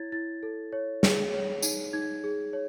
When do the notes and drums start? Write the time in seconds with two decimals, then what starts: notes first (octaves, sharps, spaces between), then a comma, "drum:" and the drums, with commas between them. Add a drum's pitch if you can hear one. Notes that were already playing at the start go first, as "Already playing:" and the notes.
Already playing: E4 C#5 G#6 A6
0.12 E4 A6
0.43 A4
0.73 C#5
1.03 G#4, drum: snare
1.33 C#5
1.62 D#4, drum: tambourine
1.93 D#4 G#6
2.24 G#4
2.53 C#5